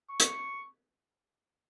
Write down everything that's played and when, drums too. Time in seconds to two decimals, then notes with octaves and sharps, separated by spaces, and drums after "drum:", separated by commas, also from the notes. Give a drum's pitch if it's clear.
0.10 C#6
0.20 drum: hi-hat